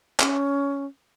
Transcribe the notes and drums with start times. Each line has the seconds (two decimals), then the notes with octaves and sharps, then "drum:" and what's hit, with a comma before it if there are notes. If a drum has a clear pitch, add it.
0.20 C#4, drum: clap